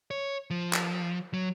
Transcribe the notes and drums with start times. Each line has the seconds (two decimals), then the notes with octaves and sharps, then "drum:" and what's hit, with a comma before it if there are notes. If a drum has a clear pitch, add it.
0.11 C#5
0.50 F3
0.73 drum: clap
1.33 F#3